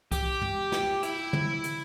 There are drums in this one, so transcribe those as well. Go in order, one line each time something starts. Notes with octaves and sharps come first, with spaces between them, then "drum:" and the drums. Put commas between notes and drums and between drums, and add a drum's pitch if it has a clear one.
G4, drum: kick C2, hi-hat
drum: tom
drum: snare
E4, drum: hi-hat
drum: tom
drum: hi-hat